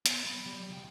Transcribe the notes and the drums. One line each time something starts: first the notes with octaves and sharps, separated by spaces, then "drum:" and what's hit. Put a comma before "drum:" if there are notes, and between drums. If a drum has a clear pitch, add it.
B3, drum: hi-hat
F#3 B5
F#3 G4
C#2 G5